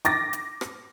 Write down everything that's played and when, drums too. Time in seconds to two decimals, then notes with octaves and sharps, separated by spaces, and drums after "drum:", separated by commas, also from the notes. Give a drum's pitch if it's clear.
0.05 D6 A6 A#6, drum: hi-hat
0.33 drum: hi-hat
0.61 drum: rim click